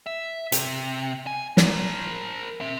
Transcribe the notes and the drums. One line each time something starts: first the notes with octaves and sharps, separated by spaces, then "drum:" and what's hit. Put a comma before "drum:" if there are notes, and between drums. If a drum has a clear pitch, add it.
E5
C3, drum: hi-hat
G#5
A#4 C5, drum: snare
C4 E5